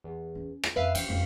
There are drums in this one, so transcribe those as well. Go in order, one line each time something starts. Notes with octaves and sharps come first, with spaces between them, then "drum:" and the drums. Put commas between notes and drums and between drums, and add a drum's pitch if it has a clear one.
E2
C#4
drum: rim click
F2 B4 E5 F5
E3 F5 G5, drum: cymbal
F2 G#3